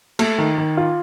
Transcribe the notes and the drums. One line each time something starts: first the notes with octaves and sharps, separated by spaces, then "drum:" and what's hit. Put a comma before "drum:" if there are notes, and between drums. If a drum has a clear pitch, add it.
A3, drum: cymbal
D#3
D#3
F4